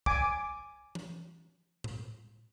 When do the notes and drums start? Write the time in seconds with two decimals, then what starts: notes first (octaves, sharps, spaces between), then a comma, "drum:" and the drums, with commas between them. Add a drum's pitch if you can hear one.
0.06 G#5 D6, drum: kick
0.95 drum: tom
1.84 drum: tom A2